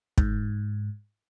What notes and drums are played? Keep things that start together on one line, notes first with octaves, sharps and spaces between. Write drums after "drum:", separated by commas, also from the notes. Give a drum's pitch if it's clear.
G#2, drum: kick